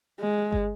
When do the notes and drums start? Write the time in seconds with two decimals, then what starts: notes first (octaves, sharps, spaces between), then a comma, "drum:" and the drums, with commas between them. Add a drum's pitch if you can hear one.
0.21 G#3
0.53 drum: kick G1